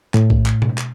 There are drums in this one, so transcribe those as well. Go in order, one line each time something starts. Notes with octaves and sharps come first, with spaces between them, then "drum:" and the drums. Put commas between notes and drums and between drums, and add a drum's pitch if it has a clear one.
A2, drum: clap
drum: kick A#1
drum: clap
drum: tom B2
drum: clap